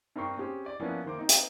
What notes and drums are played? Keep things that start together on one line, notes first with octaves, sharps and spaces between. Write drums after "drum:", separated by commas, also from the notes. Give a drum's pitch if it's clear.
G2 C4 A#4 G5 C#6 C7
C4 C#4 G4 G#4 C5
D5
F3 A#3 B3 C#4 D4 E4
D#3 A#3 C5 D6
C4 D#4
drum: hi-hat